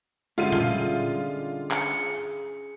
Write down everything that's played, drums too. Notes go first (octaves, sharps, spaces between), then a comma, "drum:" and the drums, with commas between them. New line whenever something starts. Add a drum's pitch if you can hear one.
D3 G3 G#3 C#4 F4 E5 D#7
drum: tom A#2
G#4 C#7, drum: clap